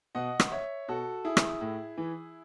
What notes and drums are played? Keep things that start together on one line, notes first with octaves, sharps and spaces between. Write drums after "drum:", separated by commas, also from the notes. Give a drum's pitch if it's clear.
B2 D#5 F#5
drum: rim click
C#5 E5
B2 F#4 A4
E4 G#4
drum: rim click
A2
E3